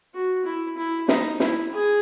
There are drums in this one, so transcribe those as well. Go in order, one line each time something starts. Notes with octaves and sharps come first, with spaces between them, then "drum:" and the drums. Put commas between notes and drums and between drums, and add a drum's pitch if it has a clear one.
F#4
E4
E4
D#4, drum: snare
E4, drum: snare
G#4